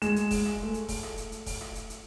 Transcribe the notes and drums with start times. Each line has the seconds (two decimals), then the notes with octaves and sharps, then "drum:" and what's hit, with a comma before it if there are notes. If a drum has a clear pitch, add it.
0.02 G#3 E7, drum: hi-hat
0.16 drum: hi-hat
0.31 drum: kick E1, open hi-hat
0.45 drum: rim click
0.63 A3
0.74 drum: hi-hat
0.88 drum: kick E1, open hi-hat
1.03 drum: rim click
1.17 drum: hi-hat
1.32 drum: hi-hat
1.46 drum: kick E1, open hi-hat
1.61 drum: rim click
1.75 drum: hi-hat
1.90 drum: hi-hat